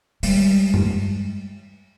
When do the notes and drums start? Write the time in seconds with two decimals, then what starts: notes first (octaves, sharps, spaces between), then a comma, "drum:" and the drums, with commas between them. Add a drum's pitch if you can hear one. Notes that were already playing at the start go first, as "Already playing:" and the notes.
0.23 G3 G#3, drum: open hi-hat
0.74 drum: tom G2